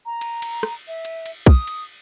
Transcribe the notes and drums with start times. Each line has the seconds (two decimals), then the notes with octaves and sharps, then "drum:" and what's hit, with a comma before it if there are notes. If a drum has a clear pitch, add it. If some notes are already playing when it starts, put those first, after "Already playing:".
0.06 A#5
0.21 drum: cymbal
0.42 drum: cymbal
0.63 drum: rim click
0.88 E5
1.05 drum: cymbal
1.26 drum: cymbal
1.46 D#6, drum: kick B1, cymbal
1.67 drum: cymbal